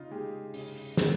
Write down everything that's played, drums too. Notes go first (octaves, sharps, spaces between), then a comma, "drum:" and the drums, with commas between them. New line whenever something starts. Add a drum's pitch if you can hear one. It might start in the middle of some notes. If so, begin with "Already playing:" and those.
Already playing: C#3 D#4 F4
G#3 G4
C#3, drum: open hi-hat
drum: open hi-hat
G#3, drum: snare